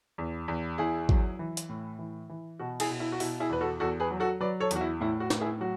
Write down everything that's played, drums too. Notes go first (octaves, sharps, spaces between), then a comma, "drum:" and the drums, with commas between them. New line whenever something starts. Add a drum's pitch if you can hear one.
E2
E2
E2 E4 G#4
F#3, drum: kick
E3
drum: hi-hat
A2
E3
E3
B2 F#4
E4 G#4, drum: cymbal
B2
E4
F#4
B2 E4, drum: open hi-hat
E4 G#4
E2 B4
F#4 A4
E2 F#4 A4
G#4 B4
F#3
F#4 A4
F#3 B4 D5
A4 C#5
E2 F#4, drum: hi-hat
E4
A2 E4
F#4
A2, drum: snare
E4 G#4
F#3 F#4